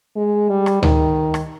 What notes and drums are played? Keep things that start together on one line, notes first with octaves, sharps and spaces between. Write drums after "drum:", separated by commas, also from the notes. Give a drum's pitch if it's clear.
G#3
G3
drum: rim click
D#3, drum: tom D2
drum: rim click